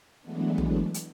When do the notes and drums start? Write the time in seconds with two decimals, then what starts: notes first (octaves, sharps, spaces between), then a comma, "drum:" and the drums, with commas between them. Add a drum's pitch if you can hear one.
0.22 E3 F#3 G#3 A3 B3 D4
0.58 drum: tom
0.94 drum: hi-hat